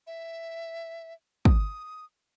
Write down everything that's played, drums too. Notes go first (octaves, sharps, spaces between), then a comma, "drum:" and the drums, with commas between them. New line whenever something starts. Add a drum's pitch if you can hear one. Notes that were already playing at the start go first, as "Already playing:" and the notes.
E5
D#6, drum: kick